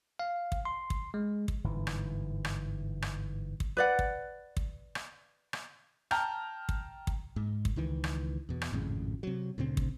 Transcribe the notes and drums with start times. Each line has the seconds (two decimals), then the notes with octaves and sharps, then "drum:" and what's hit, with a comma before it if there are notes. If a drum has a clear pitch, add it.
0.19 F5
0.52 drum: kick
0.65 C6
0.90 drum: kick
1.14 G#3
1.48 drum: kick
1.64 G1 G#2 E3
1.87 drum: rim click
2.45 drum: rim click
3.02 drum: rim click
3.60 drum: kick
3.77 B4 D5 F#5
3.99 drum: kick
4.57 drum: kick
4.95 drum: rim click
5.53 drum: rim click
6.11 G5 A5 A#5 F6 G6, drum: rim click
6.69 drum: kick
7.07 drum: kick
7.36 G#2
7.65 drum: kick
7.76 C#2 D#3 E3
8.04 drum: rim click
8.49 E2 B2
8.62 drum: rim click
8.72 G#1 F2 A2 C#3
9.23 C3 F#3
9.58 D2 A#2 C#3 C4
9.77 drum: kick